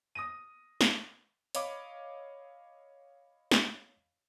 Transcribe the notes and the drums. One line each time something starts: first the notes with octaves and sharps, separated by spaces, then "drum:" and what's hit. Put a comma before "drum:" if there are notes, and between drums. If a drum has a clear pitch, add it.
D#6 A#6 D#7
drum: snare
C#5 D#5 F5 B5 D6, drum: hi-hat
drum: snare